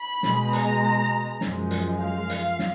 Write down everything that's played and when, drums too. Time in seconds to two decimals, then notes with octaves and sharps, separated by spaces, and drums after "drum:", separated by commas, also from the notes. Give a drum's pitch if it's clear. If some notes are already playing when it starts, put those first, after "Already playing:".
Already playing: B5
0.23 B2 G#3, drum: snare
0.53 A#5, drum: hi-hat
1.41 F#2 F3 G#3, drum: snare
1.71 drum: hi-hat
2.00 F5
2.30 drum: hi-hat
2.59 drum: snare